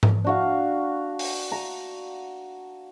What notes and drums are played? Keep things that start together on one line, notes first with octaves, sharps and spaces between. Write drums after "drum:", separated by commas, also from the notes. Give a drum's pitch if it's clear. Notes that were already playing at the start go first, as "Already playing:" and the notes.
drum: tom G#2
D4 F#4 F5
drum: open hi-hat
A#5